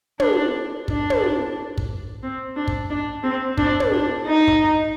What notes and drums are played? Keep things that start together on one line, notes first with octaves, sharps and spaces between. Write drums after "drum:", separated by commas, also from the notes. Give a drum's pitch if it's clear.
D4, drum: tom
D4, drum: kick
drum: tom
drum: kick
C4
D4
drum: kick
D4
C4
D4, drum: kick
drum: tom
D4
D#4
drum: kick